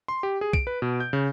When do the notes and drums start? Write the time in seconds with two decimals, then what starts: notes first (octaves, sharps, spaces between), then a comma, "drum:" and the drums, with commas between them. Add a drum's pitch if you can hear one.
0.08 C6
0.23 G4
0.41 G#4
0.53 D7, drum: kick B1
0.67 B4
0.82 B2
1.00 G6
1.13 C#3